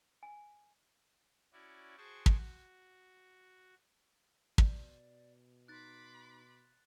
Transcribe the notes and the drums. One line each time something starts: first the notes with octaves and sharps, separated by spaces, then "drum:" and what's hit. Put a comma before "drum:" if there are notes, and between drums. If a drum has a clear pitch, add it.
G#5
C#4 E4 F#4 D5
F#4 G#4 C5 G5 A5 C#6
drum: kick
F#4
B2 D5, drum: kick
D#4 B5 C6 D6 F#6 A6